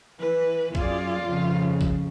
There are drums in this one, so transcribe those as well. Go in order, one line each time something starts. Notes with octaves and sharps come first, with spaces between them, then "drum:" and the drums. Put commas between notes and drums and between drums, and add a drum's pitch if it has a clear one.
E3 B4
F#2 F4 G#4 D5, drum: kick
F2 C#3
drum: kick